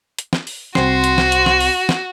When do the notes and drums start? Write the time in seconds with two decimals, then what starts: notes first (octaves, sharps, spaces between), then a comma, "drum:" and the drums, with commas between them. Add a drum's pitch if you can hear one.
0.19 drum: hi-hat
0.33 drum: snare
0.47 drum: open hi-hat
0.75 C2 C4 F#4 C6, drum: snare
1.04 drum: hi-hat
1.18 drum: snare
1.32 drum: hi-hat
1.46 drum: snare
1.61 drum: open hi-hat
1.89 drum: snare